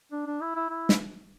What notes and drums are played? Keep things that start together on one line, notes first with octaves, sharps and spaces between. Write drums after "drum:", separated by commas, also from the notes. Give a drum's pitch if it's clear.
D4
D4
E4
E4
E4
drum: snare